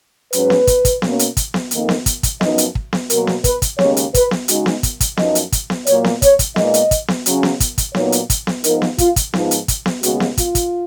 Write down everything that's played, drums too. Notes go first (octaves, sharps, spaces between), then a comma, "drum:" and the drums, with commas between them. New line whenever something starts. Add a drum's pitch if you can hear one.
G#2 F#3 C#4 B4, drum: hi-hat
drum: snare B3
drum: kick, hi-hat
drum: kick, hi-hat
B2 A#3 C#4, drum: snare B3
drum: hi-hat
drum: kick, hi-hat
drum: snare B3
F2 D#3 A#3 D#4, drum: hi-hat
drum: snare B3
drum: kick, hi-hat
drum: kick, hi-hat
F#2 F3 B3 D#4 D#5, drum: snare B3
drum: hi-hat
drum: kick
drum: snare B3
B2 F#3 A#3 A#4, drum: hi-hat
drum: snare B3
B4, drum: kick, hi-hat
drum: kick, hi-hat
D#2 C#3 G#3 C#4 C#5, drum: snare B3
drum: hi-hat
B4, drum: kick, hi-hat
drum: snare B3
C#3 G#3 D#4 F#4, drum: hi-hat
drum: snare B3
drum: kick, hi-hat
drum: kick, hi-hat
F#2 F3 B3 D#4 D#5, drum: snare B3
drum: hi-hat
drum: kick, hi-hat
drum: snare B3
A#2 F#3 A#3 C#5, drum: hi-hat
drum: snare B3
C#5, drum: kick, hi-hat
drum: kick, hi-hat
A#2 G#3 B3 D#4 D#5, drum: snare B3
drum: hi-hat
drum: kick, hi-hat
drum: snare B3
C#3 F#3 C#4, drum: hi-hat
drum: snare B3
drum: kick, hi-hat
drum: kick, hi-hat
A#2 F#3 B3 D#4 C#5, drum: snare B3
drum: hi-hat
drum: kick, hi-hat
drum: snare B3
G#2 F3 B3 D#4 A#4, drum: hi-hat
drum: snare B3
F4, drum: kick, hi-hat
drum: kick, hi-hat
G#2 F3 B3 D#4 F4, drum: snare B3
drum: hi-hat
drum: kick, hi-hat
drum: snare B3
D#2 C#3 G#3 B3 F#4, drum: hi-hat
drum: snare B3
F4, drum: kick, hi-hat
drum: kick, hi-hat